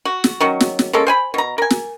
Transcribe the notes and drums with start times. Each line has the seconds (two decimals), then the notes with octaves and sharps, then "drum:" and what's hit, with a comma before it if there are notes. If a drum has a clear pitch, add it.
0.05 F#4
0.24 drum: snare
0.40 D#3 F#3 C#4
0.60 drum: snare
0.79 drum: snare
0.93 G#3 A#3 C#4 A4
1.07 C5 G#5 B5
1.34 B2 A#5
1.58 A#4 G#5
1.70 drum: snare